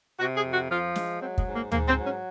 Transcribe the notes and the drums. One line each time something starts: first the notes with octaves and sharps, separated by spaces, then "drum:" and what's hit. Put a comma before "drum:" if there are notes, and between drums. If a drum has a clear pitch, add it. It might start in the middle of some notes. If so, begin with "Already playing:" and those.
C3 F#4
G#4
F2
F#4
F3 F4
G#3, drum: snare
F#3 C4
G#3, drum: kick
G#2
A#3
G#2 A#3, drum: tom D2
C4
F#3
C#4